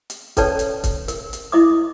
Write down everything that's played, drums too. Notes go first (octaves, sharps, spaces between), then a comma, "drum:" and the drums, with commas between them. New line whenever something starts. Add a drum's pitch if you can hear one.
drum: hi-hat
C#4 A4 B4 C#5 D5 A5, drum: kick C#1, hi-hat
drum: hi-hat
drum: kick C#1, hi-hat
A#4, drum: hi-hat
drum: hi-hat
E4 D#5 D6 D#6